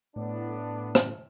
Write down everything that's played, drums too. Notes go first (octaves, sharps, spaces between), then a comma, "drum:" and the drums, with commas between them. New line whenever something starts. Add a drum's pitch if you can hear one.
A2 B3 D4
drum: rim click